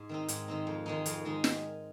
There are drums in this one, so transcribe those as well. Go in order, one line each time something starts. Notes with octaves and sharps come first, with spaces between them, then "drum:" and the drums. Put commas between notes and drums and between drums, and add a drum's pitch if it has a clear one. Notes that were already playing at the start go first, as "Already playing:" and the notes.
Already playing: G#2
D#3 C4 D#4
G#2, drum: hi-hat
D#3 C4 D#4
F2
D#3 G#3 D#4
F2, drum: hi-hat
D#3 G#3 D#4
drum: snare